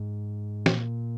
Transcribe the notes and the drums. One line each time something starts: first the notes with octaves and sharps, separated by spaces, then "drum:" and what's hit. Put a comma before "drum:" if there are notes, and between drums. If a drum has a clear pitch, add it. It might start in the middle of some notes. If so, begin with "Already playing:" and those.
Already playing: G#2
A#2, drum: snare